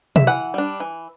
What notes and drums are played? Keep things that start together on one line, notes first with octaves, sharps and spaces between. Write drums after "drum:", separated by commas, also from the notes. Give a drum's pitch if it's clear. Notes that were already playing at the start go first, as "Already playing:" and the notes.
E5, drum: tom B2
E3 F#5
G3 D4
E3